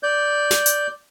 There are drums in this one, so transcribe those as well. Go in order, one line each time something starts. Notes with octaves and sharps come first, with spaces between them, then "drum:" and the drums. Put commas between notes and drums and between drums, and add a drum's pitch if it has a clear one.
D5 G6
drum: snare
drum: hi-hat